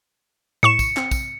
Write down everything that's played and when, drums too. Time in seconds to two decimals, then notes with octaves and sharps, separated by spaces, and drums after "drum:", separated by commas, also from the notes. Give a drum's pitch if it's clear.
0.63 A2 C#6 C#7 E7
0.79 drum: kick, tambourine
0.97 C4, drum: clap
1.11 drum: kick, tambourine